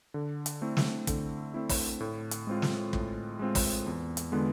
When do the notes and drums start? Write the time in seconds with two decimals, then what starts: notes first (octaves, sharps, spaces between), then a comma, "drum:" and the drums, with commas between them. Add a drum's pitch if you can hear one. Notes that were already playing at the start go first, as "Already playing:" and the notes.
0.14 D3
0.46 drum: hi-hat
0.62 A3 C4 E4
0.77 drum: snare
1.07 D3, drum: kick, hi-hat
1.54 A3 C4 E4
1.69 drum: kick, open hi-hat
2.00 A2
2.31 drum: hi-hat
2.47 G#3 C4 F4
2.62 drum: snare
2.93 A2, drum: kick
3.39 G#3 C4 F4
3.55 drum: kick, open hi-hat
3.87 E2
4.17 drum: hi-hat
4.32 D3 G#3 B3 F4